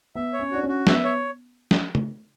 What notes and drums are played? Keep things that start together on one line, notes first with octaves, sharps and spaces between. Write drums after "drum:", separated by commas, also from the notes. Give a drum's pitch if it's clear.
B3 E5
C#5
C#4
D4 F#4
C#4
F#4
B3 E5, drum: snare
C#5
drum: snare
drum: tom